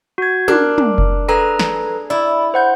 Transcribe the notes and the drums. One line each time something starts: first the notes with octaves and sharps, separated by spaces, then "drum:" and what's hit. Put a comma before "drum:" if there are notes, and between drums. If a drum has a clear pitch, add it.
F#4 G#6
D4 A#4, drum: tom
drum: tom
drum: kick F1
G#4 A4 B4 A#5
drum: snare
E4 D5
C5 F#5 G6